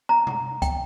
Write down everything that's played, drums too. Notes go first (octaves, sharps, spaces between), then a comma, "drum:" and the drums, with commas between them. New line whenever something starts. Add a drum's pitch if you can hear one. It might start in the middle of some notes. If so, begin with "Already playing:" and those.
A#5
drum: tom B2
G5, drum: kick C#2, hi-hat